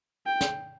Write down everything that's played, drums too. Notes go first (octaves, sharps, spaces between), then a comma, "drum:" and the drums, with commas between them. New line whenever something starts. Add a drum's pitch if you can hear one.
G5
drum: snare